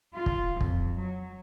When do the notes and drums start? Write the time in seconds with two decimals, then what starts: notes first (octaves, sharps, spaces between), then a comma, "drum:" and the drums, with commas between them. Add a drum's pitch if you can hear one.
0.16 F4
0.26 drum: kick
0.61 F2, drum: kick
0.99 F#3